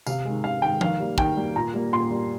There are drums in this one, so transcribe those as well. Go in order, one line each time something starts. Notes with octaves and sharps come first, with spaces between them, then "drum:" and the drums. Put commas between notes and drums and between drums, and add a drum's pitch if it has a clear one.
C3 F5, drum: tambourine
D#3 G#3
C3 F5
D#3 G#3 G5
D#3 F5, drum: tom F3
G3 A#3
D#3 G5, drum: kick
G3 A#3
A#2 A#5
G3 A#3
A#2 C6
G3 A#3